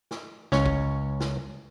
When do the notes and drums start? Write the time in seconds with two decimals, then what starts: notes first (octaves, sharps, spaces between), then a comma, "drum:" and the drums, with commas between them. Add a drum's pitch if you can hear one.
0.11 drum: snare
0.52 C#2 C#4 C#5, drum: snare
0.66 drum: kick
1.20 drum: snare